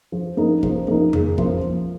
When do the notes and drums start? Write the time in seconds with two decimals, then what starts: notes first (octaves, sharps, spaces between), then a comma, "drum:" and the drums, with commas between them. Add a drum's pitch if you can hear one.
0.12 F3
0.37 A#3 D#4
0.63 F3, drum: kick
0.88 A#3 D#4
1.13 C#3, drum: tom F2
1.38 F3 A#3 F4, drum: kick